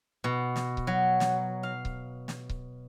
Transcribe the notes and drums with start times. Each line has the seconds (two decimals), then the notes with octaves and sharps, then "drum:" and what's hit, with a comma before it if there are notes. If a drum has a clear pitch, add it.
0.24 B2
0.56 drum: snare
0.77 drum: kick C#1
0.87 F#3
1.20 drum: snare
1.63 F5
1.85 drum: kick C#1
2.28 drum: snare
2.49 drum: kick C#1